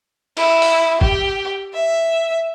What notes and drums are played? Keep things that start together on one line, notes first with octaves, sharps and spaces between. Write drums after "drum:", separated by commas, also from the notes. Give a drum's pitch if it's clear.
E4, drum: cymbal
drum: open hi-hat
G4, drum: kick
E5